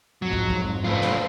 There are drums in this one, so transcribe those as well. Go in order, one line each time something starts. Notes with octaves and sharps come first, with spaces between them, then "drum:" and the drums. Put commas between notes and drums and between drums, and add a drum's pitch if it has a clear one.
F2 G#2 F#3
drum: kick
drum: kick
A3 D4 F4 B4 C5
drum: snare